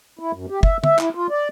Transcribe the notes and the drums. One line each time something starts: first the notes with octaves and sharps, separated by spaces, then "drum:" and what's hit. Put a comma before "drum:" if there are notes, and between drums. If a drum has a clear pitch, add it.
E4
F#2
G4
E5, drum: kick
E5, drum: tom
E4, drum: clap
F4
D5